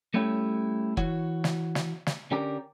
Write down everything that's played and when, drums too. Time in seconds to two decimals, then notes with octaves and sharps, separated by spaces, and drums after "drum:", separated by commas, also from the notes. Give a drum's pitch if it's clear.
0.14 G3 A3 C#4 E4 G4 C#5
0.97 E3 F#4 C#5, drum: kick F#1
1.44 drum: snare
1.75 drum: snare
2.07 drum: snare
2.31 D3 C#4 G4 A#4 D5